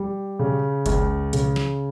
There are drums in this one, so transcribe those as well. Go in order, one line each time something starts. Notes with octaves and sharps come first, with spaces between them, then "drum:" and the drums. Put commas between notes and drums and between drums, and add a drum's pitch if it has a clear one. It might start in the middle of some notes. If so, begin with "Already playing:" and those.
Already playing: G3
C#3
C#2, drum: kick F#1, hi-hat
C#3, drum: hi-hat
drum: snare